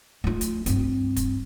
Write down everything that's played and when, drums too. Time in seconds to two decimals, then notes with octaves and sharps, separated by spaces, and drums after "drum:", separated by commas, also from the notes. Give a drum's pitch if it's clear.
0.24 A3 F4
0.41 drum: hi-hat
0.66 G2 C4, drum: hi-hat
1.16 drum: kick, hi-hat